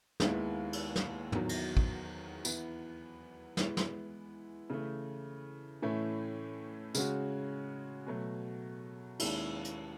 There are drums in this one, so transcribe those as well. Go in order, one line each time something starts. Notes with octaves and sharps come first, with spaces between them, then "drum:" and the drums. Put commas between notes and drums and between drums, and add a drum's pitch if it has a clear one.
D#2 D#3 G#3 B3 E4, drum: snare
drum: cymbal
drum: snare
E2 D#3 F#3, drum: tom
drum: cymbal
drum: kick
E3 B3 E4, drum: tambourine
E3 G#3 B3 E4, drum: snare
drum: snare
C#3 E3 A3
A2 E3 A3 C#4 E4
C#3 G#3 C#4 F#4, drum: tambourine
B2 F#3 A3
D#2 D#3 G#3 C#4 E4, drum: cymbal
drum: hi-hat